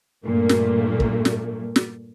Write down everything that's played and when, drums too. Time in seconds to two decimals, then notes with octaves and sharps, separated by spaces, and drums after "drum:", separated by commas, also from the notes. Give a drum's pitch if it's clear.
0.24 G2 A#2 A3 A#3
0.49 drum: snare
1.00 drum: kick
1.25 drum: snare
1.76 drum: snare